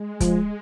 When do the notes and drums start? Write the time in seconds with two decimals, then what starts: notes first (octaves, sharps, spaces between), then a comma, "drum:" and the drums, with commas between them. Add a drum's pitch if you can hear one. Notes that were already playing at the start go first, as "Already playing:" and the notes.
Already playing: G#3
0.20 F3, drum: kick, hi-hat